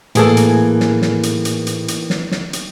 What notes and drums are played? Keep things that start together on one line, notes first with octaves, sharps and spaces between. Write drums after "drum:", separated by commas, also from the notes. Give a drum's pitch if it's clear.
A2 E3 A#3 G#4 A4, drum: hi-hat
drum: hi-hat
drum: snare
drum: snare
drum: hi-hat
drum: hi-hat
drum: hi-hat
drum: hi-hat
drum: snare
drum: snare
drum: hi-hat